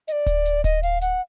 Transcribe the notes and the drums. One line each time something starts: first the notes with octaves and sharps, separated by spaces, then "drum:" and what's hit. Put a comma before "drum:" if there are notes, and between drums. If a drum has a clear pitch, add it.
D#5, drum: hi-hat
D5
drum: kick D1, hi-hat
drum: hi-hat
D#5, drum: kick D1, hi-hat
F5, drum: open hi-hat
F#5, drum: hi-hat